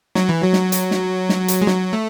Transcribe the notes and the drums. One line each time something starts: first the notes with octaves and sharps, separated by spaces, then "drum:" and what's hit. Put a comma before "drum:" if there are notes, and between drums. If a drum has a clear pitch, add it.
F#3, drum: snare
E3
F#3
drum: snare
drum: hi-hat
drum: snare
drum: snare
drum: hi-hat
G#3
F#3, drum: snare
A3